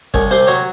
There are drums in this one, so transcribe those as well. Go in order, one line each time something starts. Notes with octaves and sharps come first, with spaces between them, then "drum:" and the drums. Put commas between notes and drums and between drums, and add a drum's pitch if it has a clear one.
C2 C#5, drum: kick G1
C3 C5
F#3 C#5